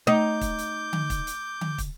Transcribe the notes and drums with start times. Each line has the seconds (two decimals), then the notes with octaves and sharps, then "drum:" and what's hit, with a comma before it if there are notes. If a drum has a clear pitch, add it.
0.07 A3 D#4 D6 G6
0.41 drum: kick, hi-hat
0.58 drum: hi-hat
0.93 drum: tom D3
1.10 drum: kick, hi-hat
1.27 drum: hi-hat
1.61 drum: tom D3
1.78 drum: kick, hi-hat